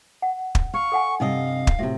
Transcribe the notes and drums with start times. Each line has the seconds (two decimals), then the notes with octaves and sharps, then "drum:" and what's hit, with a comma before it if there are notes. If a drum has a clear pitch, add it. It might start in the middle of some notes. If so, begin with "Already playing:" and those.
0.22 F#5
0.55 drum: kick
0.74 F5 C#6
0.92 A4 F#5 G#5
1.20 G2 C3 D#4 D#5 F5
1.67 drum: kick
1.79 A2 C3 F#4 E5